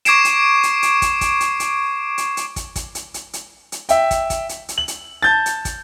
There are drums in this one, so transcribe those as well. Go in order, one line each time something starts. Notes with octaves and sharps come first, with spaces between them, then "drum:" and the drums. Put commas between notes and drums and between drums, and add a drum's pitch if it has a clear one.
C#6 D6 G#6 C7 D7 E7, drum: hi-hat
drum: hi-hat
drum: hi-hat
drum: hi-hat
drum: kick, hi-hat
drum: kick, hi-hat
drum: hi-hat
drum: hi-hat
drum: hi-hat
drum: hi-hat
drum: kick, hi-hat
drum: kick, hi-hat
drum: hi-hat
drum: hi-hat
drum: hi-hat
drum: hi-hat
E5 G5, drum: hi-hat
drum: kick, hi-hat
drum: kick, hi-hat
drum: hi-hat
drum: hi-hat
F#7
drum: hi-hat
A5 G6 A6
drum: hi-hat
drum: kick, hi-hat